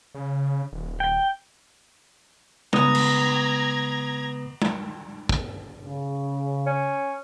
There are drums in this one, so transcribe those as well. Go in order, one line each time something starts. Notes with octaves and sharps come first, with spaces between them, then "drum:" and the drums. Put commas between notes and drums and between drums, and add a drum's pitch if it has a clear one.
C#3
D#1
G5
C#3 G#3 B3 B4 A#5 D#6 G#6, drum: tom G3
drum: cymbal
drum: tom G3
drum: kick
C#3
C#4